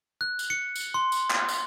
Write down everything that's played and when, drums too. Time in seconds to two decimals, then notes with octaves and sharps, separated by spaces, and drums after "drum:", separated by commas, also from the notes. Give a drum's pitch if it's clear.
0.21 F#6
0.39 drum: tambourine
0.50 C#7
0.76 drum: tambourine
0.94 C6
1.12 drum: tambourine
1.30 drum: clap
1.49 drum: tambourine